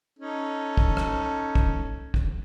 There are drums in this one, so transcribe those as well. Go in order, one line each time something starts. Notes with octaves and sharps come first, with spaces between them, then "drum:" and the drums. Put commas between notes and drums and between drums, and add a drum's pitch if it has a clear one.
C#4 D#4 A4
drum: kick
drum: rim click
drum: kick
drum: kick